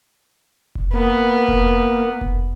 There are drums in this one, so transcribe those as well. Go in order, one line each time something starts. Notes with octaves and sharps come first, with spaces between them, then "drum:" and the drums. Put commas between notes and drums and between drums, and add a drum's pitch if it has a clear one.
drum: kick F1
A#3 B3
drum: kick F1
drum: kick F1